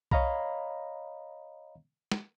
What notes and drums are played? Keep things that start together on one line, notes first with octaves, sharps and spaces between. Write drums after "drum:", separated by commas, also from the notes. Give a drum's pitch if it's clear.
C#5 D#5 F5 A#5 B5, drum: kick B1
drum: snare